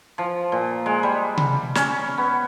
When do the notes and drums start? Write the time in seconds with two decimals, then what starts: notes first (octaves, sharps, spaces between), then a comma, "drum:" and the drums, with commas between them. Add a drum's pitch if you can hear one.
0.18 F3
0.52 A#2
0.86 G#3
1.03 G3
1.37 drum: tom C3
1.75 C#4, drum: snare
2.18 B3